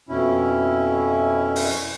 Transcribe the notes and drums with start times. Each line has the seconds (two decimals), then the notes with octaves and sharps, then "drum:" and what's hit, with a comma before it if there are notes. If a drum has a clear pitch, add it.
0.09 F2 B2 C#4 E4
1.56 drum: open hi-hat